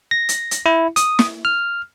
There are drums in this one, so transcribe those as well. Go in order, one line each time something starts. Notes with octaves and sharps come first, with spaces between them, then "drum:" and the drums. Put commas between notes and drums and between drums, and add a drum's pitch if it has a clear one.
A#6
drum: hi-hat
drum: hi-hat
E4
D#6, drum: hi-hat
drum: snare
F6